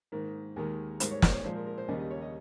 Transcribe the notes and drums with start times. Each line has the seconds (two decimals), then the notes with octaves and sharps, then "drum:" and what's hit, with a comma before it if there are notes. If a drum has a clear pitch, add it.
0.12 G#2 D#3 A#3
0.56 D#2 D#3 G#3 A#4
1.00 G#2 G3 A#3 C5, drum: hi-hat
1.11 C#5
1.22 C5, drum: snare
1.34 C#5
1.44 A#2 F3 G#3 C5
1.55 A#4
1.66 A#4
1.78 C5
1.88 D#2 C#3 G3 A#3 D#5
1.99 D#5
2.11 C#5
2.22 D#5